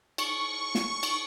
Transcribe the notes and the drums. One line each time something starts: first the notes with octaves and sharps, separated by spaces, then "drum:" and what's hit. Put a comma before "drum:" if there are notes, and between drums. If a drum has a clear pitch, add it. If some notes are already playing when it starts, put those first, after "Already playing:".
C#6, drum: cymbal
drum: snare
drum: cymbal